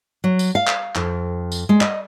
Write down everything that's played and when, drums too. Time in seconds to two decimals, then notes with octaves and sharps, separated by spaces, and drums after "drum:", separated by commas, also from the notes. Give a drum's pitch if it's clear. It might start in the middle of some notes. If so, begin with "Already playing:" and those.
0.24 F#3
0.39 drum: tambourine
0.55 F5
0.67 drum: clap
0.95 F2, drum: clap
1.52 drum: tambourine
1.69 G#3
1.81 D#5, drum: clap